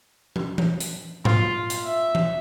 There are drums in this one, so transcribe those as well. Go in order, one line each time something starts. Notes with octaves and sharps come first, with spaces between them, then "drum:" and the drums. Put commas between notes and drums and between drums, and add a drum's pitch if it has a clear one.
drum: tom
drum: tom E3
drum: hi-hat
F4, drum: tom G#2
drum: hi-hat
E5
drum: tom E3